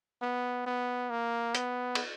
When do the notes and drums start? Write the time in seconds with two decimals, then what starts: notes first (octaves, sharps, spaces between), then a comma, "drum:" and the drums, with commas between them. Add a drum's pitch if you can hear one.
0.22 B3
0.66 B3
1.10 A#3
1.55 B3, drum: hi-hat
1.95 drum: cymbal